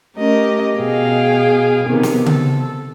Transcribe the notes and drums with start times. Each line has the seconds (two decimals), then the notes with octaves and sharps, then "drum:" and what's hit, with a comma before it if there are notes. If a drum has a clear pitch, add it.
0.16 A3 C#4 G4 A#4 D#5
0.78 B2 G#4 F5 G5
1.87 C3 D#3 B3
2.03 drum: snare
2.26 A4, drum: tom C#3